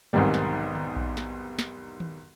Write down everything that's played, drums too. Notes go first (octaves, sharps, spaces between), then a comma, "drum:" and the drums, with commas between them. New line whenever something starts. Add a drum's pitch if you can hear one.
B1 E2 G#2 C3 D#3 G3
drum: snare
drum: tom D3
drum: kick A#1
drum: snare
drum: snare
drum: tom D#3